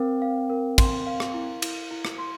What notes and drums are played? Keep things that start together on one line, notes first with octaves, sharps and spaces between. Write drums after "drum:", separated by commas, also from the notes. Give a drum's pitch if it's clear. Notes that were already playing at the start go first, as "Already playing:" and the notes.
Already playing: C4 A#4 F5
F5
A#4
C6, drum: kick, cymbal
F5
drum: rim click
E4
E4, drum: cymbal
E4
drum: rim click
C6